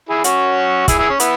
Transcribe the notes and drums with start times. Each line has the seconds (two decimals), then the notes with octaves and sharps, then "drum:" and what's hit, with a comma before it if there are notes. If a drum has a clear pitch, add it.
0.09 E4 G#4
0.24 C#4 F#4, drum: hi-hat
0.88 E4 G#4, drum: kick, hi-hat
0.98 E4 G#4
1.09 C#4
1.20 B3 E4, drum: hi-hat